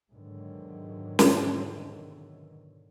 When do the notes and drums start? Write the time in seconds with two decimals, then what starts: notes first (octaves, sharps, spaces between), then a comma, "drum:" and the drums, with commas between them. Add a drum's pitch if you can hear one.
0.11 E2 G#2 B2 D3 D#3 F#3
1.19 drum: snare